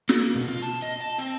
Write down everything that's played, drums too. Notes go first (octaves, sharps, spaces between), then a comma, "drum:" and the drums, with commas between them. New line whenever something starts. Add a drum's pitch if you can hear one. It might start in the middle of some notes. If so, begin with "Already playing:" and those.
A#3, drum: snare
B2
F4
A5
D#5
A5
C4